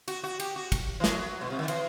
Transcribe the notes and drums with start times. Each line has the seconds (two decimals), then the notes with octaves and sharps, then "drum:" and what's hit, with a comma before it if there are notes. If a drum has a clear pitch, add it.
0.08 F#4, drum: cymbal
0.24 F#4
0.40 G4, drum: cymbal
0.56 F#4
0.72 drum: kick, cymbal
1.00 E3
1.04 F#3, drum: snare
1.41 B2
1.50 C3
1.59 D#3
1.68 E3, drum: cymbal